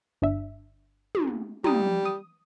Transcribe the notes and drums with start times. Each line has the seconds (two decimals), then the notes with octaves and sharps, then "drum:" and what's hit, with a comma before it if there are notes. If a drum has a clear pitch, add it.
0.22 G1 D4 E5
1.15 drum: tom
1.64 G3 A#5 D#6, drum: tom
2.05 D#6